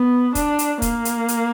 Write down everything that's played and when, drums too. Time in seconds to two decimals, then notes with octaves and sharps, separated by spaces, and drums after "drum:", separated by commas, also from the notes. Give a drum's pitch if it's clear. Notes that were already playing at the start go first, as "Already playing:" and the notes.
Already playing: B3
0.35 D4, drum: kick, hi-hat
0.59 drum: hi-hat
0.82 A#3, drum: kick, hi-hat
1.05 drum: hi-hat
1.28 drum: hi-hat